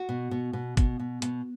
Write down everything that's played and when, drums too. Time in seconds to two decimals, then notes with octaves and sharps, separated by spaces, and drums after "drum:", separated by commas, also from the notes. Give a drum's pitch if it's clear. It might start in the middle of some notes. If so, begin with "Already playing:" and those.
Already playing: F#4
0.09 B2
0.31 B2
0.53 B2
0.77 B2, drum: kick, hi-hat
1.00 B2
1.22 B2, drum: hi-hat